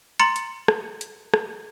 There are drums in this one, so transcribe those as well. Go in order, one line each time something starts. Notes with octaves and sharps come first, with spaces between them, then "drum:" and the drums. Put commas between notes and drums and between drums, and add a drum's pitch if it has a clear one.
A#5 C6 A6 C#7 F#7
drum: hi-hat
drum: rim click
drum: hi-hat
drum: rim click